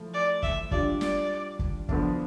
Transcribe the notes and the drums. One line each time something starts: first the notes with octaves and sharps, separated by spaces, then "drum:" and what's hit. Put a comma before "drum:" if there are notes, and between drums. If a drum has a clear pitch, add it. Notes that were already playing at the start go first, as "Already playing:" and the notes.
Already playing: F3 A3 E4
D5
E5, drum: kick
G3 D4 F4 D5, drum: kick
D5, drum: snare
drum: kick
D3 F3 B3 D4, drum: kick